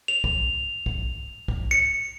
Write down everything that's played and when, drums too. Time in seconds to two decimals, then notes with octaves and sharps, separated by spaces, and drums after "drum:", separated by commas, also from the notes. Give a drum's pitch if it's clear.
0.08 F7
0.24 drum: kick
0.86 drum: kick
1.48 drum: kick
1.71 C#7